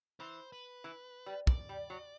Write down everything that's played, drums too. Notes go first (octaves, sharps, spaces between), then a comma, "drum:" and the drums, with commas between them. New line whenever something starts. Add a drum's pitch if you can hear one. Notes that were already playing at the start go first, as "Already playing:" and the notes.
E3 C5
B4
E3
G3
D5, drum: kick
G3
F#3